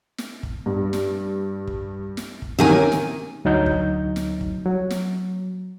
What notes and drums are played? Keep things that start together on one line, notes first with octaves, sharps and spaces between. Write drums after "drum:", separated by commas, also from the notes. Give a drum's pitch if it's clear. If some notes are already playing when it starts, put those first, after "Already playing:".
drum: snare
drum: kick
G2
drum: snare
drum: kick
drum: snare
drum: kick
E2 C3 D#3 A#3 C#4 G#5
drum: snare
D2 F#3 D#4 G6
drum: kick
drum: snare
drum: kick
F#3
drum: snare